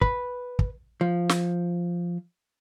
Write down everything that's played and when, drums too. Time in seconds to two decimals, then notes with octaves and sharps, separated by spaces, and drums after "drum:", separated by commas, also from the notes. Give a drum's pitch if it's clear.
0.01 B4, drum: kick
0.59 drum: kick
1.01 F3
1.29 drum: snare